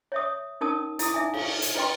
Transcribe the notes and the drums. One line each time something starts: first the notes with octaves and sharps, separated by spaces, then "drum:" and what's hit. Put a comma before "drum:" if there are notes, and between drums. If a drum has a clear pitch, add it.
C#5 E5 D#6
C#4 D#4 A#4 A5 D#6
E4 D#6, drum: hi-hat
D#4 E5 G#5
F5, drum: cymbal
drum: hi-hat
F4 B4 D#5 G5 C6